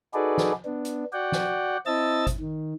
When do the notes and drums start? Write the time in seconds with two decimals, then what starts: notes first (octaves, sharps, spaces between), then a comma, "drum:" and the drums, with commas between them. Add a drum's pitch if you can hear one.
0.14 D#4 F#4 G#4 A4 B4 D5
0.37 drum: snare
0.65 B3 D4
0.85 drum: hi-hat
1.13 F#4 D5 F#5 G5
1.32 drum: snare
1.86 C4 E4 D#5 A5 E6 A6
2.27 drum: kick G#1, hi-hat
2.40 D#3